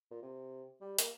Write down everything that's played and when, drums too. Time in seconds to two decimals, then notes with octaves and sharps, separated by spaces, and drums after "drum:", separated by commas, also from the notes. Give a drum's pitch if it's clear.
0.11 A#2
0.22 C3
0.81 G3
0.99 A#3, drum: hi-hat